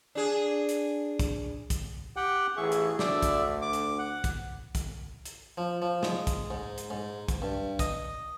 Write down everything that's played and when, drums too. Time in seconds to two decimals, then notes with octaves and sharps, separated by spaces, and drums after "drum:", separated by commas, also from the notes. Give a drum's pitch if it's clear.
0.15 D4 G#4
0.69 drum: hi-hat
1.19 drum: kick, hi-hat
1.70 drum: kick, hi-hat
2.16 G4 F#5 G5
2.57 A1 E3 G#4 E5 C#6
2.72 drum: hi-hat
2.99 D2 D5 E5, drum: snare
3.22 drum: kick, hi-hat
3.62 D6
3.73 drum: hi-hat
3.99 F#5
4.24 drum: kick, hi-hat
4.75 drum: kick, hi-hat
5.25 drum: hi-hat
5.58 F3
5.82 F3
6.03 G#3, drum: snare
6.27 drum: kick, hi-hat
6.51 G#2
6.78 drum: hi-hat
6.90 G#2
7.28 drum: kick, hi-hat
7.42 G2
7.79 D#5, drum: kick, hi-hat